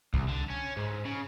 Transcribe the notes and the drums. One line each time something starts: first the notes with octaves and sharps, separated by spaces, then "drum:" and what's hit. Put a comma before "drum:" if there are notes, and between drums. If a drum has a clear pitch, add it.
C2, drum: kick
D3
C#4
G#2
C#3